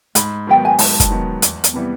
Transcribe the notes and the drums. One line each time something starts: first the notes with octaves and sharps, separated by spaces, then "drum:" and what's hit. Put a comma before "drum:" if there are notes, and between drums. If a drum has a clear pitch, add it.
G#2 B5, drum: hi-hat
D#3 F#3 B3 G5
G#5
G#2 A5, drum: open hi-hat
drum: kick, hi-hat
D#3 F#3 B3
E2, drum: hi-hat
drum: hi-hat
C3 E3 G3 B3